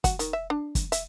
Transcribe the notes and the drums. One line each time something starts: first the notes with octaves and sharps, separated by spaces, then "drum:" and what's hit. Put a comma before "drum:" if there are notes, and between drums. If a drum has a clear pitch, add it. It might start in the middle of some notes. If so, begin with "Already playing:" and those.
F#4, drum: kick, hi-hat
D#3, drum: hi-hat
E5
D4
drum: kick, hi-hat
E5, drum: hi-hat